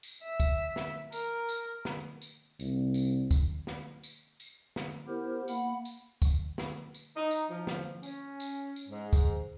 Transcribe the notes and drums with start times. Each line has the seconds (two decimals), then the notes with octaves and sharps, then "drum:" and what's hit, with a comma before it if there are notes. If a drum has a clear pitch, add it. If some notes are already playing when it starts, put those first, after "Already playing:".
0.03 drum: tambourine
0.23 E5
0.40 drum: kick, tambourine
0.76 drum: snare
1.12 A#4, drum: tambourine
1.49 drum: tambourine
1.85 drum: snare
2.22 drum: tambourine
2.60 C2, drum: tambourine
2.94 drum: tambourine
3.31 drum: kick, tambourine
3.67 drum: snare
4.03 drum: tambourine
4.40 drum: tambourine
4.76 drum: snare
5.07 B3 E4 G4 A#4 C5
5.48 A#3 F#5 B5, drum: tambourine
5.85 drum: tambourine
6.22 drum: kick, tambourine
6.58 drum: snare
6.94 drum: tambourine
7.16 D#4
7.31 drum: tambourine
7.51 F3
7.67 drum: snare
8.03 C#4, drum: tambourine
8.40 drum: tambourine
8.76 drum: tambourine
8.89 G#2
9.13 drum: kick, tambourine